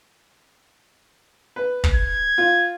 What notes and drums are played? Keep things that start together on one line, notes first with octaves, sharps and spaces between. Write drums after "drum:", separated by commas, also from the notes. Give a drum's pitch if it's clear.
B4
drum: kick
G#6
F4